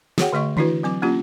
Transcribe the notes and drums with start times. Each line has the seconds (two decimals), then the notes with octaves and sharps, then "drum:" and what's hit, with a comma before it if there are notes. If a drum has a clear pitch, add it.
0.18 F#4 G#4 C#5 F#5 G5, drum: snare
0.33 D3 A3 D#5 C#6
0.57 E3 D4 E4 F#4 B4, drum: tom D3
0.83 F#3 C4 D6
1.02 A#3 C#4 D4 F4 G4